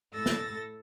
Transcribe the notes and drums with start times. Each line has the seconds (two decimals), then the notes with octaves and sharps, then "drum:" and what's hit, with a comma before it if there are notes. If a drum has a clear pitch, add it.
0.12 A2 A4 E6 A6 A#6
0.26 drum: snare